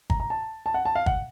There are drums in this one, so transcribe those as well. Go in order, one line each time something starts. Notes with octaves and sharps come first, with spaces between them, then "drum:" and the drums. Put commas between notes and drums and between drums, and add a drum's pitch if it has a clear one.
A#5, drum: kick G1
A#5
A5
A5
F#5
A5
F5
F#5, drum: kick G1